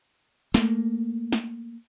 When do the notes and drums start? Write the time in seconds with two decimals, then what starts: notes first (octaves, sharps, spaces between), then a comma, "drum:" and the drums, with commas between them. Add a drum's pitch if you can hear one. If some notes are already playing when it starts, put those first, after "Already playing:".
0.54 A3 A#3, drum: snare
1.32 drum: snare